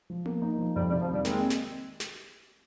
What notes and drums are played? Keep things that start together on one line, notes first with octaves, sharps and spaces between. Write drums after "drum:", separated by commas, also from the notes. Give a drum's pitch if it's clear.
F3
A#3, drum: tom B3
D#4
F3
F2 G3
G3
C3
F3
D#3 G3
G#3 A#3 C4, drum: snare
drum: snare
drum: snare